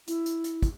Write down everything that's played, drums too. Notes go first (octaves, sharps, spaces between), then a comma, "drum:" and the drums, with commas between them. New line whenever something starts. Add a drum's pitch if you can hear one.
E4, drum: hi-hat
drum: hi-hat
drum: hi-hat
drum: kick, hi-hat